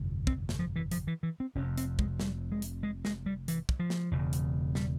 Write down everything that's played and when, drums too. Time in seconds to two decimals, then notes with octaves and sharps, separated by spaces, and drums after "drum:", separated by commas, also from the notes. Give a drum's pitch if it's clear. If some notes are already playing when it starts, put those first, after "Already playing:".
Already playing: G1 F2 C3
0.27 C4, drum: kick
0.49 drum: snare
0.59 F3
0.76 E3
0.91 F3, drum: hi-hat
1.07 E3
1.23 E3
1.40 C4
1.55 F1 F2 C3 C#4
1.78 C4, drum: hi-hat
1.99 G#3, drum: kick
2.20 G3, drum: snare
2.52 G#3
2.62 drum: hi-hat
2.83 G#3
3.05 G#3, drum: snare
3.26 G3
3.48 E3, drum: hi-hat
3.69 drum: kick
3.80 F3
3.90 drum: snare
4.11 E1 E2 C#3
4.33 drum: hi-hat
4.75 G3, drum: snare